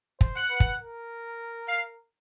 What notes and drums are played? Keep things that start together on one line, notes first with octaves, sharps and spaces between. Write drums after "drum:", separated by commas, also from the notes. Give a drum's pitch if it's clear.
C5, drum: kick
F#5
B4
drum: kick
A#4
F5